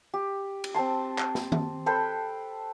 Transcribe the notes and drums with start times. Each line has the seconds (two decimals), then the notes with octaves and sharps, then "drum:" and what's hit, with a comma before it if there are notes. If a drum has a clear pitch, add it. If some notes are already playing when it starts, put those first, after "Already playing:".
0.14 G4
0.64 drum: cymbal
0.74 C4 G5 A5 C6
1.18 drum: clap
1.35 drum: snare
1.52 drum: tom D#3
1.86 A4 B4 C5 G5